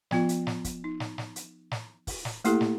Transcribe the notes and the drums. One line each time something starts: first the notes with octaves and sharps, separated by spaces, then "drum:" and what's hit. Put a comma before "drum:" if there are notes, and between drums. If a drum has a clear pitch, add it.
F3 B3 F4, drum: snare
drum: hi-hat
drum: snare
drum: kick, hi-hat
D#4
drum: snare
drum: snare
drum: hi-hat
drum: snare
drum: kick, open hi-hat
drum: snare
A3 A#3 E4 G4 A4, drum: hi-hat
drum: snare